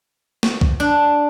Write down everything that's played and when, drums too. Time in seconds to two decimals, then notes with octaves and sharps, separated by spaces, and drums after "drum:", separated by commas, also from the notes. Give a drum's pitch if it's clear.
0.43 drum: snare
0.61 drum: kick
0.80 D4